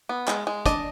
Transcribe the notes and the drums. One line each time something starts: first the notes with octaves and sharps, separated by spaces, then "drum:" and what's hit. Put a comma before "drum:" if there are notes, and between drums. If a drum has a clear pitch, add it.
B3
G#3, drum: clap
G#3
D4 D#5, drum: kick, hi-hat